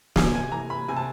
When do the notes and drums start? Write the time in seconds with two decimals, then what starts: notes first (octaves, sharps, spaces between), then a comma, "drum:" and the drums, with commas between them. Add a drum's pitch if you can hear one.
0.16 C3 G#5, drum: snare
0.35 G#5
0.52 E3 A#5
0.70 B5
0.88 C3 G#5
0.97 A5